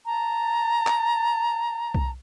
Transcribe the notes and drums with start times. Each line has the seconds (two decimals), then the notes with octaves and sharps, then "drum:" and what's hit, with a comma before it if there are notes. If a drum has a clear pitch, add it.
0.06 A5 A#5
0.87 drum: clap
1.95 drum: kick B1